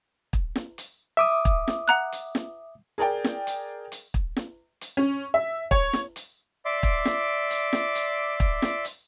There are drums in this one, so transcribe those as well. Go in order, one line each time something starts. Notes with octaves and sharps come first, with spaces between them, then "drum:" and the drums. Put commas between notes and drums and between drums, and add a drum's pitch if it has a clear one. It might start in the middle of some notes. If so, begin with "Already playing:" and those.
drum: kick
drum: snare
drum: hi-hat
E5 D6 D#6
drum: kick
drum: snare
F#5 A#5 F#6
drum: hi-hat
drum: snare
G#4 A#4 D5 G5
drum: snare
drum: hi-hat
drum: hi-hat
drum: kick
drum: snare
drum: hi-hat
C#4
E5
C#5, drum: kick
drum: snare
drum: hi-hat
D5 E5 C6 D6
drum: kick
drum: snare
drum: hi-hat
drum: snare
drum: hi-hat
drum: kick
drum: snare
drum: hi-hat